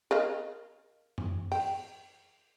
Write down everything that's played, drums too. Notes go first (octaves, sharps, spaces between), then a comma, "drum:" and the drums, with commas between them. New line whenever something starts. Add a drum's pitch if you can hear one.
A#4 D#5 F5
drum: tom F#2
G5, drum: open hi-hat